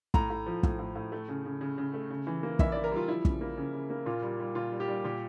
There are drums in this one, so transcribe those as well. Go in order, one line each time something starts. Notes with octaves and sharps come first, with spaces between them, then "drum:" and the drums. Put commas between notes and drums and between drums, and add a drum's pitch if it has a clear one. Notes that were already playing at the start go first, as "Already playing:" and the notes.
A2 A#5, drum: kick
A2
F3
A2, drum: kick
A2
A2
A3
C#3
C#3
C#3
C#3
A3
C#3
E3
A#3
E3 E5, drum: kick
E3 D5
A#4
G3 F4
F3 E4
C#3, drum: kick
A#3
C#3
C#3
A#3
A#2 F4
G3
G3
A#2 F4
G3
G4
G3
A#2 G4